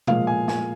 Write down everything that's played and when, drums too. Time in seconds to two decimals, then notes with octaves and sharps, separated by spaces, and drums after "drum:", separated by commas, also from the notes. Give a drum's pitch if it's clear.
0.07 A#2 F3 G#3 F5, drum: tom B2
0.27 G#5
0.48 G#5, drum: snare